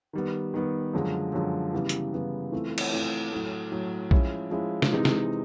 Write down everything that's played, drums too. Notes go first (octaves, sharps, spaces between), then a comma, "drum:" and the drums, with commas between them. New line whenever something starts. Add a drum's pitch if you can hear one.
D#3 G3 B3
D#3 G3 B3
F#2 D3 F3 G#3
F#2 D3 F3 G#3
C#3 E3 G3 B3
drum: hi-hat
C#3 E3 G3 B3
E3 A3 C4 F4
drum: cymbal
E3 A3 C4 F4
A2 F#3 A3
A2 F#3 A3
F3 G#3 C#4 E4, drum: kick A#1
F3 G#3 C#4 E4
drum: snare
C3 E3 G#3 C4 D#4
drum: snare